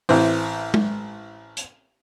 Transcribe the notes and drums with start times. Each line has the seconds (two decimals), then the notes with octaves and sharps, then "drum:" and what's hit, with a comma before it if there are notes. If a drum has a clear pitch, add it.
0.09 A1 E3 C4, drum: open hi-hat
0.74 drum: tom G#3
1.57 drum: hi-hat